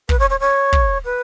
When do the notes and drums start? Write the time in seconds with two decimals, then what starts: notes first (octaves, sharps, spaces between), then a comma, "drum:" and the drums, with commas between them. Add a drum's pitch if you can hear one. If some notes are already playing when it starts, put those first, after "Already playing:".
0.09 B4, drum: kick
0.19 C#5
0.30 C#5
0.40 C#5
0.73 drum: kick
1.05 B4